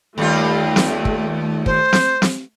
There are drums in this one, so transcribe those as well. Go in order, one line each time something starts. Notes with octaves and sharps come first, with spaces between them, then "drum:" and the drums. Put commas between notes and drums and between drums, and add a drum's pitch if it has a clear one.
D#2 G3 A3 F4
drum: snare
drum: kick
C5, drum: kick
drum: snare
drum: snare